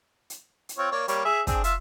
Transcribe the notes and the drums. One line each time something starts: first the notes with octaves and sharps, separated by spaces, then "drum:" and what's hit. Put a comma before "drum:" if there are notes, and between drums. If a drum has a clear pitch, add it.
drum: hi-hat
drum: hi-hat
C4 F4 C#5
A#3 C#5 D5
G3 A#3 C#5, drum: hi-hat
G#4 E5
C4 D4 G#4, drum: kick, hi-hat
F4 E5 E6, drum: hi-hat